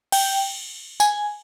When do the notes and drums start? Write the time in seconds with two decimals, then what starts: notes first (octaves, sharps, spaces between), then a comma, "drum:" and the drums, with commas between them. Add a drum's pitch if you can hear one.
0.12 G5, drum: cymbal
1.00 G#5, drum: tambourine